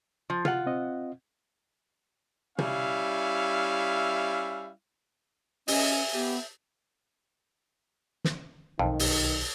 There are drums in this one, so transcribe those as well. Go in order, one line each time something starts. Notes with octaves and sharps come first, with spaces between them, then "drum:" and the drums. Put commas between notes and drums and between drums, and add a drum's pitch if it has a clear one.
F3
F4 F#5, drum: tom
C4 D#5
G3 C#4 E4 E5 F5, drum: tom
C#4 D#5 E5 G#5, drum: open hi-hat
B3 G4
drum: snare
B1 F2 D#3
drum: open hi-hat